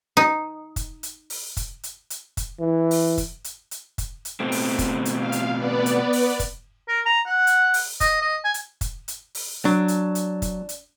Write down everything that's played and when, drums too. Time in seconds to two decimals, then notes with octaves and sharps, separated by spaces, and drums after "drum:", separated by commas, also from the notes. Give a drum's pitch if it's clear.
0.17 D#4
0.76 drum: kick, hi-hat
1.03 drum: hi-hat
1.30 drum: open hi-hat
1.57 drum: kick, hi-hat
1.83 drum: hi-hat
2.10 drum: hi-hat
2.37 drum: kick, hi-hat
2.60 E3
2.91 drum: open hi-hat
3.18 drum: kick, hi-hat
3.44 drum: hi-hat
3.71 drum: hi-hat
3.98 drum: kick, hi-hat
4.25 drum: hi-hat
4.40 B2 A3 C4
4.52 drum: open hi-hat
4.79 drum: kick, hi-hat
5.05 drum: hi-hat
5.16 F5
5.32 drum: hi-hat
5.54 B3 B4 D5
5.86 drum: hi-hat
6.13 drum: open hi-hat
6.40 drum: kick, hi-hat
6.88 A#4
7.06 A#5
7.26 F#5
7.47 drum: hi-hat
7.74 drum: open hi-hat
8.00 D#5, drum: kick, hi-hat
8.22 D#5
8.44 G#5
8.54 drum: hi-hat
8.81 drum: kick, hi-hat
9.08 drum: hi-hat
9.35 drum: open hi-hat
9.65 F#3 D4
9.88 drum: hi-hat
10.15 drum: hi-hat
10.42 drum: kick, hi-hat
10.69 drum: hi-hat